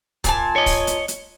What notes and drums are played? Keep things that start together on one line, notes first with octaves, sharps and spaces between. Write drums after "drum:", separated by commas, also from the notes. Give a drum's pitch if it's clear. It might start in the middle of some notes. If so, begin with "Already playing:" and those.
A#2 G#5 A5, drum: kick, hi-hat
C#5 D#5
drum: kick, open hi-hat
drum: hi-hat
drum: hi-hat